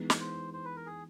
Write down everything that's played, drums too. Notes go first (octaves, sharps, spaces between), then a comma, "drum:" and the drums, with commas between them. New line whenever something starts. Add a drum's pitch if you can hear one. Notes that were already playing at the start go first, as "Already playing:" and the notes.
Already playing: E3 G#3 B3 D#4
drum: snare
C5
C5
B4
A#4
G#4